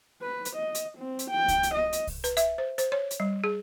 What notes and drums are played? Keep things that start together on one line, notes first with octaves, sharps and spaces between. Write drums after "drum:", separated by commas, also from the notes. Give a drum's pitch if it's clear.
B4
drum: hi-hat
D#5
drum: hi-hat
C4
drum: hi-hat
G5
drum: kick C2, hi-hat
drum: hi-hat
D#5
drum: hi-hat
drum: kick C2, open hi-hat
B4, drum: hi-hat
E5, drum: hi-hat
C5
C5, drum: hi-hat
C#5
drum: hi-hat
G3
G#4